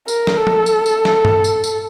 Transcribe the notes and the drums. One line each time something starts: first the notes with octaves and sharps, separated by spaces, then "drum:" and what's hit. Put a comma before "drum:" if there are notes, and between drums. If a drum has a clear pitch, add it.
A#4, drum: tambourine
drum: snare
A4
drum: tom F3
drum: tambourine
drum: tambourine
drum: snare
drum: tom G2
drum: tambourine
drum: tambourine